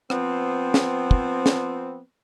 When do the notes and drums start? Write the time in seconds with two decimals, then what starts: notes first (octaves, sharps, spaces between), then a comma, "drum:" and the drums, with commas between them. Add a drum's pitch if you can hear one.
0.10 F3 B3 C4, drum: rim click
0.74 drum: snare
1.11 drum: kick
1.46 drum: snare